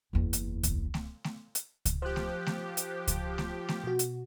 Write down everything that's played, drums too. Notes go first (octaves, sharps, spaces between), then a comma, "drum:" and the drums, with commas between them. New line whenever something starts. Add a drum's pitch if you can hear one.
F#1 E2
drum: hi-hat
drum: kick C#2, hi-hat
drum: snare A3
drum: snare A3
drum: hi-hat
drum: kick C#2, hi-hat
F3 G4 C5 F#6
drum: snare A3
drum: snare A3
drum: hi-hat
drum: kick C#2, hi-hat
drum: snare A3
drum: snare A3
B2 F#4
drum: hi-hat